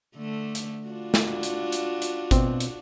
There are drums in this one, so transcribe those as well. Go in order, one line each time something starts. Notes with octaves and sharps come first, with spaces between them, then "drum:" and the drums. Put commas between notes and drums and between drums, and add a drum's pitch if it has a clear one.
D3 A3
drum: hi-hat
D4 F4 F#4
drum: snare
drum: hi-hat
drum: hi-hat
drum: hi-hat
B2 C4, drum: kick G#1, hi-hat
drum: hi-hat